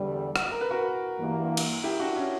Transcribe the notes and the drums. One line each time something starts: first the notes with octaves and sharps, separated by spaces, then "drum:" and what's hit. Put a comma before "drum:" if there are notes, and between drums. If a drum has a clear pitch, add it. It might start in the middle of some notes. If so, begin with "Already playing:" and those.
Already playing: E2 D3 G3
drum: rim click
A#4
B4
F#4 A#4
G2 E3 A#3
drum: cymbal
E4 G4
D4 F#4
C#4 E4